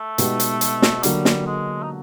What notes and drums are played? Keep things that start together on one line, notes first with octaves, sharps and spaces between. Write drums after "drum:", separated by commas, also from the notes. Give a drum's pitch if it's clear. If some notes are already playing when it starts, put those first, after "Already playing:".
Already playing: A3
B2 G#3 B3 D#4 G4, drum: hi-hat
drum: hi-hat
drum: hi-hat
drum: snare
D3 F#3 G3 A#3, drum: hi-hat
drum: snare
G#3
D#4